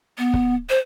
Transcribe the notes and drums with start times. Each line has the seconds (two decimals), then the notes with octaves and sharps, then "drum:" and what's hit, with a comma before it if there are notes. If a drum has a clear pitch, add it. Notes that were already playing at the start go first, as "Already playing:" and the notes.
0.18 B3
0.34 drum: kick
0.70 C5